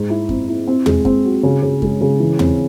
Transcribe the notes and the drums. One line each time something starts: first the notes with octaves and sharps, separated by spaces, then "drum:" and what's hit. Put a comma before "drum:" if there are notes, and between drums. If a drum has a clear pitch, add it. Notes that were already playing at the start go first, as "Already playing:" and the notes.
Already playing: G#2
E4
C4, drum: kick F#2
E4
C4
G#3, drum: tom
C4, drum: kick F#2
F#4
C#3
C#3
G#3, drum: kick F#2
C#3
E3
C4, drum: tom